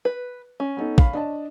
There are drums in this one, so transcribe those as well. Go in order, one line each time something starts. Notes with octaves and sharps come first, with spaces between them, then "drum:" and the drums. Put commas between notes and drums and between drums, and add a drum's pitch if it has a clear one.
B4
C#4
B3 D#4 A4
F5 B5, drum: kick
D4 D#5 A5